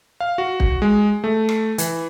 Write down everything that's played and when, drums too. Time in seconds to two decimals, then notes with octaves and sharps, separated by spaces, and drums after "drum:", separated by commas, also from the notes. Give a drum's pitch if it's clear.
0.20 F5
0.38 F#4
0.60 drum: kick
0.82 G#3
1.24 A3
1.49 drum: rim click
1.78 E3, drum: hi-hat